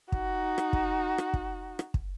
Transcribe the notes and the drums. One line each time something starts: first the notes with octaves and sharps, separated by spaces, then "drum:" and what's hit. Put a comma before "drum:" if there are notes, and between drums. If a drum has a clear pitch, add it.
D#4 F#4, drum: kick
drum: rim click
drum: kick
drum: rim click
drum: kick
drum: rim click
drum: kick